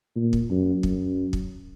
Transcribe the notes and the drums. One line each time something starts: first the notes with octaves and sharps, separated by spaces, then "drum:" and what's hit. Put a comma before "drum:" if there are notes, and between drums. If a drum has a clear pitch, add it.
A#2
drum: kick
F#2
F#2, drum: kick
drum: kick